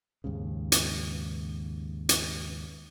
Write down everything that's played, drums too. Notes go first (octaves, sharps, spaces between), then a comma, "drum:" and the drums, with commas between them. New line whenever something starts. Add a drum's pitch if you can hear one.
D#2 G#2 C#3
drum: hi-hat
drum: hi-hat